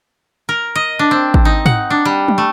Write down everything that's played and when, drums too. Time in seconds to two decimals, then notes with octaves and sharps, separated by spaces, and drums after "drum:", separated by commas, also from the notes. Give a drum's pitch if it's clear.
0.49 A#4
0.75 D#5
0.99 D4
1.11 C4
1.34 drum: kick
1.45 D#4
1.66 F#5, drum: tom
1.90 D4
2.05 G3
2.28 drum: tom
2.38 A3